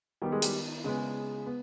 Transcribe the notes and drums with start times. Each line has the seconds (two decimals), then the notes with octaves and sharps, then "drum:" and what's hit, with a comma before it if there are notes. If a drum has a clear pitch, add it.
0.22 D#3 G3 B3 G4
0.32 G#3 G#4
0.42 G3 G4, drum: hi-hat
0.84 C#3 G#3 B3
1.46 B3